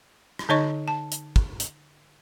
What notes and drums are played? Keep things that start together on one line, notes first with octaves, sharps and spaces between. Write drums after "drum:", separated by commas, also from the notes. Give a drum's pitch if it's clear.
drum: rim click
D3 D#4 C#5 D#5 C#6
A5
drum: hi-hat
drum: kick
drum: hi-hat